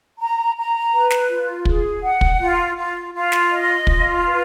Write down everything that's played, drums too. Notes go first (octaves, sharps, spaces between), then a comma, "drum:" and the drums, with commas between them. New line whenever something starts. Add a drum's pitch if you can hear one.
A#5
A#5
B4
drum: snare
F4
G#4, drum: kick
F#5
drum: kick
F4
F4
F4
drum: snare
D#5
F4, drum: kick
B4